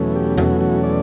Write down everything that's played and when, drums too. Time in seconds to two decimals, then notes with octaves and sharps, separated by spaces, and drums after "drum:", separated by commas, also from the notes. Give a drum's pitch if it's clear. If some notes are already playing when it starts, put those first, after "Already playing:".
Already playing: E2 B2 F#3 A3 C#4
0.15 G4
0.38 F#4, drum: tom E2
0.61 F#4
0.84 D5